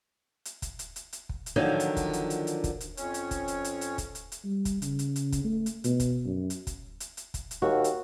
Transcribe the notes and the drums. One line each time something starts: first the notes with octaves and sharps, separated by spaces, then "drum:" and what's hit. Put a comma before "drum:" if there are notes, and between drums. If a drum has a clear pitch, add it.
drum: hi-hat
drum: kick, hi-hat
drum: hi-hat
drum: hi-hat
drum: hi-hat
drum: kick
drum: hi-hat
D3 D#3 F3 F#3 D#4
drum: hi-hat
drum: kick, hi-hat
drum: hi-hat
drum: hi-hat
drum: hi-hat
drum: kick, hi-hat
drum: hi-hat
F2 C#4, drum: hi-hat
drum: hi-hat
drum: kick, hi-hat
drum: hi-hat
drum: hi-hat
drum: hi-hat
drum: kick, hi-hat
drum: hi-hat
drum: hi-hat
G3
drum: kick, hi-hat
C#3, drum: hi-hat
drum: hi-hat
drum: hi-hat
drum: kick, hi-hat
A3
drum: hi-hat
B2, drum: hi-hat
drum: kick, hi-hat
F#2
drum: hi-hat
drum: kick, hi-hat
drum: hi-hat
drum: hi-hat
drum: kick, hi-hat
drum: hi-hat
D#2 F#4
drum: hi-hat